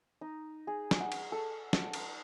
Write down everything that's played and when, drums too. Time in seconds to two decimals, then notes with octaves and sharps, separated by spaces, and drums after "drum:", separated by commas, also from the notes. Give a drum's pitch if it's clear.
0.21 D#4
0.67 G#4
0.91 drum: snare
1.00 F#5
1.12 drum: cymbal
1.32 A4
1.73 drum: snare
1.93 drum: cymbal